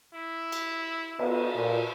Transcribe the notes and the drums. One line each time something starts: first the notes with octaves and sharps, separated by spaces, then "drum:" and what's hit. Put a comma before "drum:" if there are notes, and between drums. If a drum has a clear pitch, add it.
E4
drum: cymbal
B3, drum: cymbal
A#2